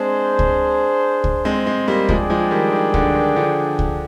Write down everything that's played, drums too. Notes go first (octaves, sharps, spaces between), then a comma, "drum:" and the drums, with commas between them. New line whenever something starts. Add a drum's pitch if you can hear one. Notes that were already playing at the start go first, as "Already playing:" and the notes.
Already playing: G#3 C4 D4 G#4 C5
drum: kick C#2
drum: kick C#2
G#3 C4
G#3 C4
G3 A#3
F3 G#3 D4 G#4 D5 G5, drum: kick C#2
F3 G#3
D#3 G3
D#3
D3, drum: kick C#2
D#3
D3 F3
drum: kick C#2